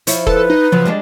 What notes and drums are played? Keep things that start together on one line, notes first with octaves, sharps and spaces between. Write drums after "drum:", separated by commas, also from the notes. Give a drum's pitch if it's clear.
F3 E4 C#5, drum: hi-hat
A4 B4, drum: kick
D#4
C#3 F3 F#3
G3 G#3 D4